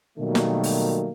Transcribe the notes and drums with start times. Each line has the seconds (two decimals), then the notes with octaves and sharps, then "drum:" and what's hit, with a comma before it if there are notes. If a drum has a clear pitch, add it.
0.18 B2 D#3 F#3 G3 A3 A#3
0.35 drum: snare
0.63 drum: open hi-hat